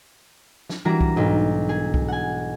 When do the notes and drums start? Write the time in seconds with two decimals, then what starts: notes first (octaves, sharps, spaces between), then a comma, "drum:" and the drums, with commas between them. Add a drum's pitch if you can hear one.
0.70 drum: snare
0.85 E3 G3 D4 F#4 A#5
1.01 drum: kick C2
1.16 B1 G#2
1.69 G#4
1.94 drum: kick C2
2.08 F#5 G#5